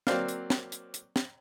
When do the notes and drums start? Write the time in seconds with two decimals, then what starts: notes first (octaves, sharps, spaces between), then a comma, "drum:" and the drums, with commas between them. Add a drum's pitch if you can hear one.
0.07 F#3 A#3 C4 C5 D5 F5, drum: snare
0.28 drum: hi-hat
0.50 drum: snare
0.72 drum: hi-hat
0.94 drum: hi-hat
1.16 drum: snare